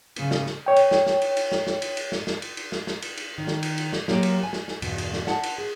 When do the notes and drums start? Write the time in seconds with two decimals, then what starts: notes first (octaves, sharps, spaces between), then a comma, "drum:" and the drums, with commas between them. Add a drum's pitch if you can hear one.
0.16 C#3, drum: cymbal
0.31 drum: snare
0.46 drum: snare
0.66 C#5 G5
0.76 drum: cymbal
0.91 drum: snare
1.06 drum: snare
1.22 drum: cymbal
1.37 drum: cymbal
1.52 drum: snare
1.67 drum: snare
1.82 drum: cymbal
1.97 drum: cymbal
2.12 drum: snare
2.27 drum: snare
2.42 drum: cymbal
2.57 drum: cymbal
2.72 drum: snare
2.87 drum: snare
3.02 drum: cymbal
3.17 drum: cymbal
3.38 D#3
3.47 drum: snare
3.63 drum: cymbal
3.78 drum: cymbal
3.93 drum: snare
4.08 F#3 A#3 F4 G4, drum: snare
4.23 drum: cymbal
4.43 G#5
4.53 drum: snare
4.68 drum: snare
4.82 E2 G2 B2, drum: cymbal
4.98 drum: cymbal
5.13 drum: snare
5.27 F#5 A5, drum: snare
5.43 drum: cymbal
5.58 G#4